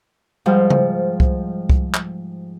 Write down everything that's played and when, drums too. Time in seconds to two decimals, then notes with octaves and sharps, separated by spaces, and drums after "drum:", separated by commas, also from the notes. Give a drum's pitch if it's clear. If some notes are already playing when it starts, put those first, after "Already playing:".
0.46 G#2 F3 G3
0.70 drum: tom C#3
1.20 drum: kick C2
1.69 drum: kick C2
1.94 drum: clap